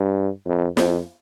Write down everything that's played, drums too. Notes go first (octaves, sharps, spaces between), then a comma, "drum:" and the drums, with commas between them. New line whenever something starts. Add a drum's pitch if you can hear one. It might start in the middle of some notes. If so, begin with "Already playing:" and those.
Already playing: G2
F2
F2, drum: snare